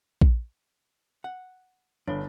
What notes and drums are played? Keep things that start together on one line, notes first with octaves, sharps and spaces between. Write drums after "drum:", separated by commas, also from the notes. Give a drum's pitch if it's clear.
drum: kick A#1
F#5
G1 D4 C#5 B5